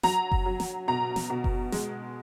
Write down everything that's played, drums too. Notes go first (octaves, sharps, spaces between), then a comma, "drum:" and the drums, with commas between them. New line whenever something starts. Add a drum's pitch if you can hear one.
F#3 A#5, drum: snare
drum: kick F#1
F#3
drum: snare
B2 A#5
drum: snare
B2
drum: kick F#1
G#3, drum: snare